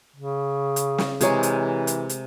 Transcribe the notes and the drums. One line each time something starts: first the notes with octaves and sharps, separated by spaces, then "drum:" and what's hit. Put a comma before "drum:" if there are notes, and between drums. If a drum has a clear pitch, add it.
C#3
drum: hi-hat
drum: snare
C3 E3 G#3 G#4 A#4 C#5, drum: hi-hat
drum: hi-hat
drum: hi-hat
drum: hi-hat